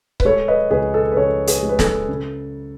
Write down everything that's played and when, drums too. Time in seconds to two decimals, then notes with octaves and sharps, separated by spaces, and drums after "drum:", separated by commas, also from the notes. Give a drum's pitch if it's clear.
0.20 B4, drum: kick C#1
0.25 G#3 A4 C#5
0.48 B4 D#5
0.71 C#2 G#4 B4
0.94 A4
1.12 B4
1.17 C#3 A4 C#5
1.47 G#4 B4, drum: hi-hat
1.63 G#3
1.69 B4
1.79 A4, drum: snare
2.08 C#3